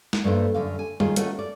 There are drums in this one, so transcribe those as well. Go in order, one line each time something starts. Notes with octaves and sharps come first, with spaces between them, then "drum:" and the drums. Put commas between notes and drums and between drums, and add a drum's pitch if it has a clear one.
drum: snare
G2 A3 A#3 C5
F#2 D3 F5
G#5
D#3 F4 G#4 C#5, drum: tom G3
A3 C#4 F4 F#4 A#4, drum: hi-hat
D5